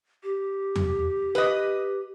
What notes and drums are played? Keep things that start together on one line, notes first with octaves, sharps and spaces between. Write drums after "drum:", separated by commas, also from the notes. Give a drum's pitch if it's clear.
G4
drum: tom E2
B4 D#5